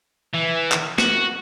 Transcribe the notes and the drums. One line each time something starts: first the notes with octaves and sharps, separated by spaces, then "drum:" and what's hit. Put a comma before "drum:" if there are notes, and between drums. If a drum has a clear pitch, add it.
E3
drum: clap
F#4, drum: snare